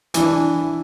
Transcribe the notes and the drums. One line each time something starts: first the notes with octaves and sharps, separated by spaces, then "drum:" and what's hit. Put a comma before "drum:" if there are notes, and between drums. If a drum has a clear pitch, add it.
E3 D4, drum: hi-hat